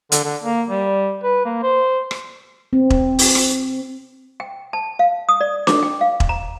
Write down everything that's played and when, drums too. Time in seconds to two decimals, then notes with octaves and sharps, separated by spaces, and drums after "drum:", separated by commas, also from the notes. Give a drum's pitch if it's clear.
0.12 D3, drum: hi-hat
0.24 D3
0.44 A#3
0.69 G3
1.23 B4
1.45 A#3
1.63 C5
2.11 drum: rim click
2.73 C4
2.90 drum: kick E1
3.19 drum: open hi-hat
3.35 drum: rim click
4.40 G5
4.73 A5
4.99 F5
5.29 D#6
5.41 D5
5.67 D6, drum: snare D4
5.83 G5
6.01 F5
6.20 drum: kick E1
6.29 A#5